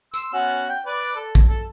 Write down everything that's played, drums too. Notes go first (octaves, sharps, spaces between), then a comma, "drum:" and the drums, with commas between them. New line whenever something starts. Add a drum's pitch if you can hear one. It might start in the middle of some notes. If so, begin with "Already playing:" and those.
C6 E6, drum: tambourine
B3 C#4 F#4
G5
B4 D5
A4
drum: kick A#1
A4